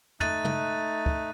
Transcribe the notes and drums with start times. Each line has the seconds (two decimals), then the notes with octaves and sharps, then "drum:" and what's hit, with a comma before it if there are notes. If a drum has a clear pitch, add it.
0.20 A3 D#4 F#6 A6 D#7, drum: tom
0.45 drum: tom
1.06 drum: kick